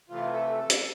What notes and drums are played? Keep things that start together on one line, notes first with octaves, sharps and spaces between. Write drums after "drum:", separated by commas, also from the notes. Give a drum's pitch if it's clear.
C3 E3 A3 F4
A4
A4
drum: hi-hat